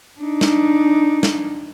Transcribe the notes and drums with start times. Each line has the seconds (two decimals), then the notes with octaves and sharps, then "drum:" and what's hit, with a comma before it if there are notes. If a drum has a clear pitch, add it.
0.21 D4 D#4
0.41 drum: snare
1.23 drum: snare